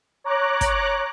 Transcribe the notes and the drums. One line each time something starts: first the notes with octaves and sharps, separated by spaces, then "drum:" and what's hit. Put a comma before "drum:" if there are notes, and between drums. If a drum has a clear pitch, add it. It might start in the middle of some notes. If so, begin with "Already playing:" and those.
C#5 A#5 D6 F#6
drum: kick, hi-hat